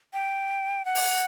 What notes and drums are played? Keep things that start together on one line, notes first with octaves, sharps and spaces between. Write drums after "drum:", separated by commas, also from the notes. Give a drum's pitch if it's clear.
G5
F#5
drum: open hi-hat